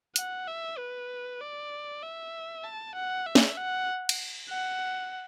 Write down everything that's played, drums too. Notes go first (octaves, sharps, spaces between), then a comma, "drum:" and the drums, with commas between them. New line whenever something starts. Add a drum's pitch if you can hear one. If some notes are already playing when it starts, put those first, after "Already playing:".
F#5, drum: hi-hat
E5
B4
D5
E5
A5
F#5
E5
drum: snare
F#5
drum: cymbal
F#5